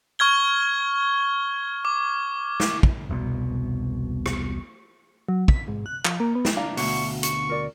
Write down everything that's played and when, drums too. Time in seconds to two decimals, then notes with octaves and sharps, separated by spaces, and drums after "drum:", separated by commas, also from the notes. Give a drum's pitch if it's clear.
0.19 C#6 F6 G#6 G7
1.85 D6
2.60 drum: snare
2.83 drum: kick
3.10 E1 C2 B2
4.26 drum: rim click
5.29 F#3
5.48 B6, drum: kick
5.68 G#2
5.86 F#6
6.05 F3, drum: clap
6.20 A#3
6.35 B3
6.45 drum: snare
6.56 D4 F5 A#5
6.77 D2 B2 C#6, drum: open hi-hat
7.23 C#6, drum: hi-hat
7.49 A#4 D5